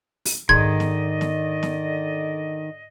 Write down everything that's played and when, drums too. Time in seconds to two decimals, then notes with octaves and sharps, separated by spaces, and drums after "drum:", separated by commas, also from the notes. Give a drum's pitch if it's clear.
0.25 drum: open hi-hat
0.49 G#2 D3 D#3 D5 D#5 G#6, drum: kick
0.80 drum: snare
1.21 drum: snare
1.63 drum: snare